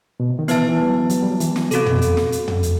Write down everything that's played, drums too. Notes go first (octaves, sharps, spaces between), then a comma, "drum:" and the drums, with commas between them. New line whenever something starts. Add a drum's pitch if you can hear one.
B2
C3
D#3
E3 B3 E4 B4 E5 A5, drum: hi-hat
E3
G3
F#3
F#3, drum: hi-hat
G3
F#3
E3, drum: hi-hat
drum: snare
C3 C4 F#4 A4, drum: hi-hat
B2, drum: tom
drum: hi-hat
drum: snare
drum: hi-hat
drum: tom
drum: hi-hat